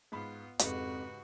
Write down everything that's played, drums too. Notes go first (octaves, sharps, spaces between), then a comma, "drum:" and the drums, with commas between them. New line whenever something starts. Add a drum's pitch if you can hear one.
G#2 B3 F4 B5
F2 G#2 C#3 F#4 G4 B4 D#5, drum: hi-hat